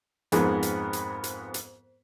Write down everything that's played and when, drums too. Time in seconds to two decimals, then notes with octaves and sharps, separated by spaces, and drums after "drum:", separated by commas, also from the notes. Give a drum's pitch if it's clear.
0.32 F2 G#2 G#3 B3 C4 A#4, drum: hi-hat
0.63 drum: hi-hat
0.93 drum: hi-hat
1.24 drum: hi-hat
1.54 drum: hi-hat